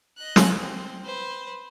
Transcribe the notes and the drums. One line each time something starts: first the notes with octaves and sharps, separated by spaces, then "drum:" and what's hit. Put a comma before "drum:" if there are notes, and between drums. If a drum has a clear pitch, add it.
D#5 F#6
drum: snare
C4
B4 C5